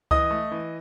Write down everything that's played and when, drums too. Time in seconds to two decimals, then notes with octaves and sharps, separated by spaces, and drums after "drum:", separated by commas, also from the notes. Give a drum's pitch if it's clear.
0.11 E3 D#5 D#6, drum: kick C#2
0.31 A3
0.51 E3